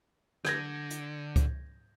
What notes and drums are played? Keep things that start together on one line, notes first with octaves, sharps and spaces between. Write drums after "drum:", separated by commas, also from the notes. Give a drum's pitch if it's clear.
D3 G6 G#6 A#6, drum: rim click
drum: hi-hat
drum: kick C#2, hi-hat